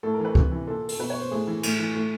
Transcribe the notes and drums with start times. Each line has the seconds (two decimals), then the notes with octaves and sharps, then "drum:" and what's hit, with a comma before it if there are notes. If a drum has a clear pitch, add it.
0.03 A2 A4
0.14 A#4
0.20 E3 B4
0.35 C3, drum: kick C#2
0.52 E3
0.67 A#2 A4
0.89 A4, drum: open hi-hat
0.99 B2 B4
1.10 C#5
1.20 C5
1.31 A2 G#4
1.47 E3
1.63 A2, drum: cymbal
1.79 E3
1.95 A2